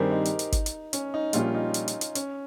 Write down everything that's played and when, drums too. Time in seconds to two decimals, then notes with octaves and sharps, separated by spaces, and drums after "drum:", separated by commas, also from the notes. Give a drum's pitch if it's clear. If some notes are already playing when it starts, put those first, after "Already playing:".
Already playing: G2 D#3 G3 C4 G4 G#4 A#4 C5
0.11 D#4
0.25 drum: hi-hat
0.39 drum: hi-hat
0.52 drum: kick G#1, hi-hat
0.66 drum: hi-hat
0.93 C#4, drum: hi-hat
1.14 D#4
1.33 A#1 A#2 G3 C#4 F4, drum: hi-hat
1.54 D#4
1.74 drum: hi-hat
1.88 drum: hi-hat
2.01 drum: hi-hat
2.15 C#4, drum: hi-hat